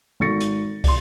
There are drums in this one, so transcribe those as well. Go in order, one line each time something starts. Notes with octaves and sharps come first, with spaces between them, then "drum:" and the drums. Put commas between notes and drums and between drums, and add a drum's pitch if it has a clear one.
G#1 A4 C#6 A6 A#6 C#7
drum: hi-hat
D5 C6, drum: kick, open hi-hat